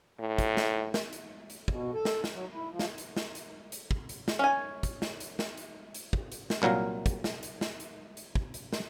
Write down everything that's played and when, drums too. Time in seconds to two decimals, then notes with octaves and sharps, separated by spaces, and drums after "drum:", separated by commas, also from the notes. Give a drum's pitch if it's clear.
0.20 A2
0.39 drum: kick, hi-hat
0.57 drum: snare
0.94 drum: snare
1.13 drum: hi-hat
1.50 drum: hi-hat
1.68 B2, drum: kick
1.94 A4
2.05 drum: snare
2.24 drum: snare
2.33 F#3
2.53 E4
2.70 F3
2.79 drum: snare
2.98 drum: hi-hat
3.17 drum: snare
3.35 drum: hi-hat
3.72 drum: hi-hat
3.91 drum: kick
4.09 drum: hi-hat
4.28 drum: snare
4.39 C#4 G#5
4.83 drum: kick, hi-hat
5.02 drum: snare
5.20 drum: hi-hat
5.39 drum: snare
5.57 drum: hi-hat
5.95 drum: hi-hat
6.13 drum: kick
6.32 drum: hi-hat
6.50 drum: snare
6.62 C2 A#2 F#3 A#4 F5
7.06 drum: kick, hi-hat
7.24 drum: snare
7.43 drum: hi-hat
7.61 drum: snare
7.80 drum: hi-hat
8.17 drum: hi-hat
8.35 drum: kick
8.54 drum: hi-hat
8.73 drum: snare